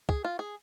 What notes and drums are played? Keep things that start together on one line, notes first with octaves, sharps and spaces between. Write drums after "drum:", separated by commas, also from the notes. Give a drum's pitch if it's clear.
G#4, drum: kick
F4
G#4